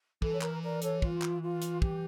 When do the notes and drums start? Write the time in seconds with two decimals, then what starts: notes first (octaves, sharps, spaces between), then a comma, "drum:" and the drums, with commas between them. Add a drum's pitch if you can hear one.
0.22 E3 A4, drum: kick
0.33 C#5
0.41 A#4, drum: clap
0.62 A#4 D5
0.82 A4 C#5, drum: hi-hat
1.02 F4, drum: kick
1.22 drum: clap
1.41 F4
1.62 drum: hi-hat
1.82 G4, drum: kick